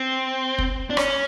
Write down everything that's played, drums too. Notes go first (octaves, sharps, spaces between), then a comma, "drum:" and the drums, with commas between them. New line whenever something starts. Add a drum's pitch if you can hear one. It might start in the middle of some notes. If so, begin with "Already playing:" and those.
Already playing: C4
drum: kick
D4
C#4, drum: rim click